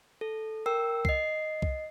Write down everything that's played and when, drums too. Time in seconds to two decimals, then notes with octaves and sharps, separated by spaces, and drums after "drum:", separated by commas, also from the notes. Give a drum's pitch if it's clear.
0.21 A4
0.66 A#4 G5 E6
1.05 D#5 C7, drum: kick C2
1.62 drum: kick C2